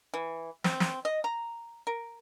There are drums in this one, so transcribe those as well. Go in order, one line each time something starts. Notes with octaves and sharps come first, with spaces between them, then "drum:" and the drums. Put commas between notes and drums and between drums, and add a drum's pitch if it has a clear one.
E3
C4, drum: snare
drum: snare
D#5
A#5
A#4